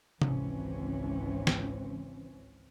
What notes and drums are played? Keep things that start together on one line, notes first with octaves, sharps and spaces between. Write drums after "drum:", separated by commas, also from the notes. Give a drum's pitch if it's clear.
G#1 C#2 E3 C4 C#4, drum: tom C3
drum: snare